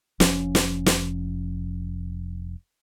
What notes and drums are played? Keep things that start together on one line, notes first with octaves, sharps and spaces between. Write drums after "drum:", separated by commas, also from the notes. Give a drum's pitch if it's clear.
F1 F3 C#4, drum: snare
drum: snare
drum: snare